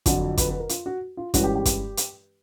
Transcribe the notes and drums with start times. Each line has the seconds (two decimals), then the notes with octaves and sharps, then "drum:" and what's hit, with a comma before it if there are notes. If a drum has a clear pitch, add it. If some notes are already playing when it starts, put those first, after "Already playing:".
0.06 F2 D3 F#3 F#4, drum: kick, hi-hat
0.37 B4, drum: kick, hi-hat
0.49 B4
0.60 A#4
0.69 F4, drum: hi-hat
0.86 F#4
1.17 F4
1.34 G2 E3 G#3 C#4 F#4, drum: kick, hi-hat
1.44 G4
1.55 G4
1.65 drum: kick, hi-hat
1.97 drum: hi-hat